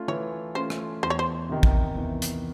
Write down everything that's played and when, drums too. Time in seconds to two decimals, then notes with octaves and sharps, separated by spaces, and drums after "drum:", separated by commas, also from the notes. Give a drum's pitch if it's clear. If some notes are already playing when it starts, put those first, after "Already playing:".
Already playing: A3 C#4 F4
0.08 E3 C#5
0.55 A3 C#4 F4 C5
0.70 drum: rim click
1.03 E2 C5
1.10 C#5
1.19 C5
1.49 C3 D#3
1.63 drum: kick
1.97 E2
2.22 drum: hi-hat